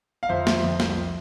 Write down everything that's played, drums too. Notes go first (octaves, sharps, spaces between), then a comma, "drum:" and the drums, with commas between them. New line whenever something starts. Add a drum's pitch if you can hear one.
F5
F2 C5 E5
F3, drum: snare
F2
C2, drum: snare